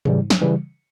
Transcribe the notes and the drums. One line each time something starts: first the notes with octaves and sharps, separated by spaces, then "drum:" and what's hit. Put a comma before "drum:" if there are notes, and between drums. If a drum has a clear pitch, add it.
C#3 E3 G3, drum: tom G#2
drum: snare
C#3 E3 G3